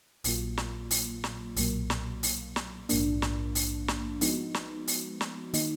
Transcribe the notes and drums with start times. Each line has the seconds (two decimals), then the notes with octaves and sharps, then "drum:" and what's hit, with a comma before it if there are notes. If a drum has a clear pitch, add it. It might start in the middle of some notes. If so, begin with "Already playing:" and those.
0.24 A#1 A#2 F#3 A#3 F4, drum: open hi-hat
0.57 drum: snare
0.91 drum: open hi-hat
1.24 drum: snare
1.56 B1 A#2 F#3 A#3, drum: open hi-hat
1.90 drum: snare
2.23 drum: open hi-hat
2.56 drum: snare
2.89 A#1 G#2 F3 A#3 D4, drum: open hi-hat
3.22 drum: snare
3.55 drum: open hi-hat
3.88 drum: snare
4.21 F3 G#3 B3 D#4 F#4, drum: open hi-hat
4.54 drum: snare
4.88 drum: open hi-hat
5.21 drum: snare
5.54 D#3 A#3 D#4, drum: open hi-hat